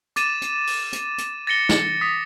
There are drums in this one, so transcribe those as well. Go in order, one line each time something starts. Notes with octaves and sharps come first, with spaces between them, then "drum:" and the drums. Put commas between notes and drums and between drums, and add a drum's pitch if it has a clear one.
D6 A6 D#7 E7, drum: hi-hat
drum: hi-hat
drum: open hi-hat
drum: hi-hat
drum: hi-hat
A6 A#6 C#7 G7
drum: snare
D#6 B6